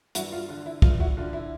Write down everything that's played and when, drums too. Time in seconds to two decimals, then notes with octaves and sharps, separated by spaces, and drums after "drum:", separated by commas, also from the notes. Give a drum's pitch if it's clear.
0.15 G2 E4 F#4, drum: hi-hat
0.32 F4
0.49 D3 F4
0.66 E4
0.82 G2 F4, drum: kick
1.00 E4 F#4
1.17 D3 F4
1.33 E4